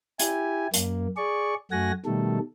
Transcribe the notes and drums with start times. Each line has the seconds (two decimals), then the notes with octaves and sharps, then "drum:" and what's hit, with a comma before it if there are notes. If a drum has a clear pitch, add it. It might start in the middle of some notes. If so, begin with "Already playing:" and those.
0.19 E4 G4 G#5, drum: hi-hat
0.74 F#2 A#3, drum: hi-hat
1.17 G#4 D5 C#6
1.72 F#2 A3 F#4 F#5 G#5 A#6
2.05 B2 D#3 G3 A3 A4